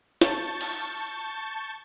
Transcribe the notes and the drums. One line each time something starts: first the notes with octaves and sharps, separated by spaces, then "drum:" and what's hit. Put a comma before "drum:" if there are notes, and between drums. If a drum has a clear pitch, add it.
A5 C#6 G6 A6, drum: snare
drum: cymbal